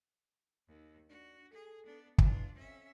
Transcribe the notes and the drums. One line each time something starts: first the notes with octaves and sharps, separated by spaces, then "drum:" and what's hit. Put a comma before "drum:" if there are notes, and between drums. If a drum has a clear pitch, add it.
D#2
D4 F#4
G#4 A4
B3 D4
E3 D4 F4, drum: kick
F2 C#4 E5